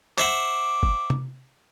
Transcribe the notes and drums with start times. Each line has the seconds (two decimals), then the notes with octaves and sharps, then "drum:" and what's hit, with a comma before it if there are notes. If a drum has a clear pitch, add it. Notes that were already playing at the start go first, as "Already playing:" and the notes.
0.18 C5 E5 F#5 D6, drum: clap
0.83 drum: kick
1.10 drum: tom C3